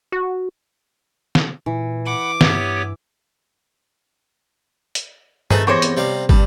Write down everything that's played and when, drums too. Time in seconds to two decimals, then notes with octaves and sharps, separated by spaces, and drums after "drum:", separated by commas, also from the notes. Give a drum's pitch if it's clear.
0.12 F#4
1.35 drum: snare
1.66 A#2 E3
2.06 F#5 B5 D6
2.41 G2 B3 G4 C#5 E5, drum: snare
4.95 drum: hi-hat
5.51 A3 D#4 G#4 B4 C5 A6, drum: tom G2
5.67 E2 G4 C5 C#5 C#6 G6 A#6
5.82 B3 C4, drum: hi-hat
5.97 C3 G3 F5
6.29 G2 G3, drum: kick